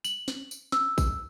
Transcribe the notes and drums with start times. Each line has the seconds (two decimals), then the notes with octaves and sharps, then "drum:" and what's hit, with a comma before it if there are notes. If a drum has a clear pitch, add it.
0.05 F#7, drum: tambourine
0.28 drum: snare
0.51 drum: tambourine
0.72 E6, drum: snare
0.98 drum: kick A1, tambourine